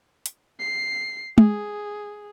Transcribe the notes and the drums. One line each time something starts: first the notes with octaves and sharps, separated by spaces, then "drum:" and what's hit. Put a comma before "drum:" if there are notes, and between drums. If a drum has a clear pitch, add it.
drum: hi-hat
C7
G#4, drum: tom G#3